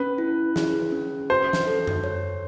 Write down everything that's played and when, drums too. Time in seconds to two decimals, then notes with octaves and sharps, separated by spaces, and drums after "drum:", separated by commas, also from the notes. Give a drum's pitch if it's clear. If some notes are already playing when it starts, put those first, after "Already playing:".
Already playing: C#4 B4
0.18 E4
0.56 G#4, drum: snare
0.92 C#4
1.30 F#4 C5
1.53 drum: snare
1.67 A4
1.87 drum: tom F#2
2.04 C#5